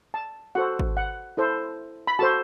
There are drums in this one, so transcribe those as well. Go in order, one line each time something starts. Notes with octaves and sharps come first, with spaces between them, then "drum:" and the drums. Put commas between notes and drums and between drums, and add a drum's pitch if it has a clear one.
A5
F#4 A4 C5 F#5
drum: kick G#1
F#5
E4 A4 C5
B5
F#4 A4 C5 A5